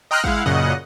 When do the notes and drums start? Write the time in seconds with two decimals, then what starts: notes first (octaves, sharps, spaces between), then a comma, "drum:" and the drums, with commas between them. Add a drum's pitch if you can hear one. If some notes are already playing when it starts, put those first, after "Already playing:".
0.11 D#5 G5 A#5 C6 F6 F#6
0.24 G#3 E4 F5 F#5, drum: kick
0.46 F#2 A#2 C#3 D#5 F#5